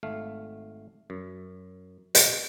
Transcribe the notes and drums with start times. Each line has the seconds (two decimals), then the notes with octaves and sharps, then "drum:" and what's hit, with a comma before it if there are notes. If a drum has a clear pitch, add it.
0.03 G#1 A3 F5
1.10 F#2
2.15 drum: hi-hat